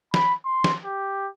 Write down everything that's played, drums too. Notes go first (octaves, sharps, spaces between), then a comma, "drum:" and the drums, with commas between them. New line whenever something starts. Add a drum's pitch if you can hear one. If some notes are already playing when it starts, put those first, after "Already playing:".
B5, drum: snare
C6
drum: snare
G4